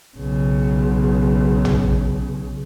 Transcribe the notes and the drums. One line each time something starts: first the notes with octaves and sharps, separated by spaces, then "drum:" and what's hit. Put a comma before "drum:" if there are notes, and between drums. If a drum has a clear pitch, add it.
B1 C#3
drum: tom